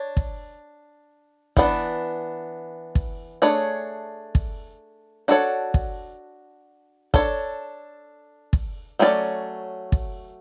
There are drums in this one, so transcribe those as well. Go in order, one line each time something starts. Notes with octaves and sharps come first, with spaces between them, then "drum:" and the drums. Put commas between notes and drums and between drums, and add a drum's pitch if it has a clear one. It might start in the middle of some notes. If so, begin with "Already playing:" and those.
Already playing: D4 C#5
drum: kick
E3 B3 D4, drum: kick
drum: kick
A3 D4 G#4 C#5
drum: kick
D4 F#4 A4 C#5
drum: kick
D4 A4 C#5, drum: kick
drum: kick
F#3 A3 C#4 G#4 D5
drum: kick